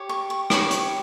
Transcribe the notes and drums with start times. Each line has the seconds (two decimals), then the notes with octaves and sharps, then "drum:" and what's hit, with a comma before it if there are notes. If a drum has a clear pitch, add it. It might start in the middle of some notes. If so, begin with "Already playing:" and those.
Already playing: G4 C#5
0.09 C#6
0.30 C#6
0.50 G4 C#5 B5, drum: rim click
0.71 C#6, drum: hi-hat